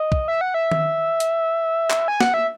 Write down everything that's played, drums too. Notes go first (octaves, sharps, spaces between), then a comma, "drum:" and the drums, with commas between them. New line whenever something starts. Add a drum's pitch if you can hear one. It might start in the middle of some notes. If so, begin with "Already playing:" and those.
Already playing: D#5
drum: kick
E5
F#5
E5
drum: tom D#3
drum: hi-hat
drum: clap
G#5
F#5, drum: snare
E5